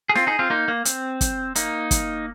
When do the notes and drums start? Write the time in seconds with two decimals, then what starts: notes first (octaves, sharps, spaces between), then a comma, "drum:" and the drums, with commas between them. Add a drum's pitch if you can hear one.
0.09 G#4
0.15 C4 F4, drum: snare
0.27 D#4 G#4
0.39 C4 F4
0.50 A#3 D#4
0.68 A#3
0.85 C4, drum: hi-hat
1.21 drum: kick F#1, hi-hat
1.55 A#3 D#4, drum: hi-hat
1.91 drum: kick F#1, hi-hat